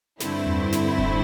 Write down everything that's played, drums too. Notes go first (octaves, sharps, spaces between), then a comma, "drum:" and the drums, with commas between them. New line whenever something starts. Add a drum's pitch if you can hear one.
G2 D3 A3 C4 E4, drum: snare
drum: tom E2
drum: snare
drum: kick E1